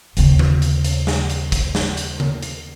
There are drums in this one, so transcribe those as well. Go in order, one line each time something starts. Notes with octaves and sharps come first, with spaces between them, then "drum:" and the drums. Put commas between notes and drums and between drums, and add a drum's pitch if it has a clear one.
D#2 C#3, drum: hi-hat
drum: tom D3
drum: hi-hat
drum: hi-hat
drum: snare
drum: hi-hat
drum: kick, hi-hat
drum: snare
drum: hi-hat
drum: tom C#3
drum: hi-hat